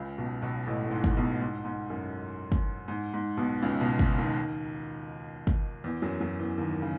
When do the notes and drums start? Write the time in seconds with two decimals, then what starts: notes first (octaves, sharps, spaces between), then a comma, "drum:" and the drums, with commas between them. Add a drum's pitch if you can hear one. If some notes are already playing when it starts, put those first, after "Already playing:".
Already playing: C#2 C#3
0.18 B1 B2
0.42 B1 B2
0.67 A1 A2
0.86 A2
0.91 G#2
1.04 drum: kick
1.17 B1 B2
1.41 G#2
1.65 G#2
1.90 F#2
2.52 drum: kick
2.88 G#2
3.14 G#2
3.37 B1 B2
3.62 C#2 C#3
3.80 B1 B2
3.99 drum: kick
4.18 D#2 D#3
5.47 drum: kick
5.84 E2 E3
6.02 F#2 F#3
6.20 F#2 F#3
6.39 E2 E3
6.58 D#2 D#3
6.82 C#3